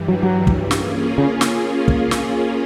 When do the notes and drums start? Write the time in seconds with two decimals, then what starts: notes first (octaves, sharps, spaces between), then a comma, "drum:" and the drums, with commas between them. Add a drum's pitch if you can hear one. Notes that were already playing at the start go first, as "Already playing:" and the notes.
Already playing: G2 E3 G3
0.08 F#3
0.23 F#3
0.47 drum: kick
0.71 A#3 C#4 F4 G#4, drum: snare
1.18 C#3
1.41 drum: snare
1.88 drum: kick
2.11 drum: snare